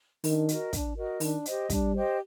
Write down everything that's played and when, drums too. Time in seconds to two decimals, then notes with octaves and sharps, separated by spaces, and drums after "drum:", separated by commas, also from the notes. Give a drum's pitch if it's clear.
0.24 D#3 D4, drum: open hi-hat
0.49 F#4 A#4 D#5, drum: hi-hat
0.73 D4, drum: kick, hi-hat
0.97 F#4 A#4 D#5
1.20 D#3 D4, drum: open hi-hat
1.46 G4 C5 D#5, drum: hi-hat
1.70 G3 D4, drum: kick, hi-hat
1.94 G4 C5 D#5